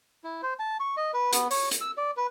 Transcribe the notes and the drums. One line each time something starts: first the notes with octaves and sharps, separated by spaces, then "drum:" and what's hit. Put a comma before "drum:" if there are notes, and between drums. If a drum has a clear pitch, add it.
E4
C5
A5
C#6
D#5
B4
B3, drum: hi-hat
C#5, drum: open hi-hat
drum: hi-hat
E6
D5
B4